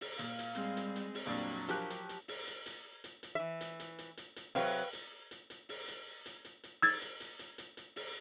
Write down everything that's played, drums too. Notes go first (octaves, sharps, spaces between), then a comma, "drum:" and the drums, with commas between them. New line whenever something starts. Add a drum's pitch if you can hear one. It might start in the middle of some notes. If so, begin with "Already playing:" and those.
drum: open hi-hat
A#2 F5, drum: hi-hat
drum: hi-hat
G3 G#3 C4, drum: hi-hat
drum: hi-hat
drum: hi-hat
drum: open hi-hat
F2 A#2 F#3 G3 D4 D5
F3 G4 A#4 F#6, drum: hi-hat
drum: hi-hat
drum: hi-hat
drum: open hi-hat
drum: hi-hat
drum: hi-hat
drum: hi-hat
drum: hi-hat
E3 E5
drum: hi-hat
drum: hi-hat
drum: hi-hat
drum: hi-hat
drum: hi-hat
C3 F#3 B4 F5 G5, drum: open hi-hat
drum: hi-hat
drum: hi-hat
drum: hi-hat
drum: open hi-hat
drum: hi-hat
drum: hi-hat
drum: hi-hat
drum: hi-hat
E6 G#6 A6, drum: open hi-hat
drum: hi-hat
drum: hi-hat
drum: hi-hat
drum: hi-hat
drum: hi-hat
drum: open hi-hat